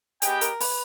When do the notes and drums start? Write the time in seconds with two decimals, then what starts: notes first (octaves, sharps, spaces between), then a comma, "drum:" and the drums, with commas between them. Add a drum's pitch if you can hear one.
0.22 B3 G4 G#4 B4 D#5 G5, drum: hi-hat
0.41 A#4, drum: hi-hat
0.60 B4, drum: open hi-hat